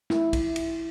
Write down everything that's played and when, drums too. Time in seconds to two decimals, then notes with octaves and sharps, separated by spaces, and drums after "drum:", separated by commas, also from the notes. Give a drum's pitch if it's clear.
0.10 E4, drum: snare
0.33 drum: kick, cymbal
0.56 drum: cymbal